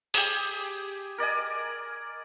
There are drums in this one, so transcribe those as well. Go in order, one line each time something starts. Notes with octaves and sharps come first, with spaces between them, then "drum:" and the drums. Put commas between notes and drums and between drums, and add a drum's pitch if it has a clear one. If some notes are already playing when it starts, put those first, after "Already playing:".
G4 G#4, drum: open hi-hat
A#4 D5 D#5 G#5